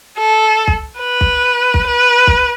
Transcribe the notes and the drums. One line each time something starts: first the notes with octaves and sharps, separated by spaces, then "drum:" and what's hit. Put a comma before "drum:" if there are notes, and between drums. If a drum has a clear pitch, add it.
A4
drum: kick
B4
drum: kick
drum: kick
B4
drum: kick